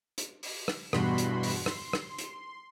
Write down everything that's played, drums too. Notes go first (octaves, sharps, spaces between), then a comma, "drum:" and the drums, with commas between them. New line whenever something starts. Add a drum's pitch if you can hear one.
drum: hi-hat
drum: open hi-hat
drum: rim click
E2 G2 B2 F#4 B5 C6, drum: rim click
drum: hi-hat
drum: open hi-hat
C6, drum: rim click
drum: rim click
drum: hi-hat